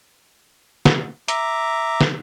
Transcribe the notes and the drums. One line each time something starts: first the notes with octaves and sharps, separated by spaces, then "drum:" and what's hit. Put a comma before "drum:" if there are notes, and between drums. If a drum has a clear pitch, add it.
drum: snare
E5 A#5 D6, drum: hi-hat
drum: snare